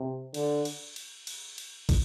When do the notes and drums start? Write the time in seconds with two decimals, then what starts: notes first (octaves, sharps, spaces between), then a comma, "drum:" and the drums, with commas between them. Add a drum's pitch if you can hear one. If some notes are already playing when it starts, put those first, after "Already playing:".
Already playing: C3
0.34 D3, drum: cymbal
0.65 drum: cymbal
0.96 drum: cymbal
1.27 drum: cymbal
1.58 drum: cymbal
1.89 drum: kick, cymbal